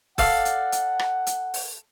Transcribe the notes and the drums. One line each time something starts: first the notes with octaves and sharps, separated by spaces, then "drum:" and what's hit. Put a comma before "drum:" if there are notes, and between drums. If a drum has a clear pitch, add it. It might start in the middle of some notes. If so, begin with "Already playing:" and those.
A4 D5 F5 F#5, drum: kick C#1, open hi-hat
drum: hi-hat
drum: hi-hat
drum: rim click
drum: hi-hat
drum: open hi-hat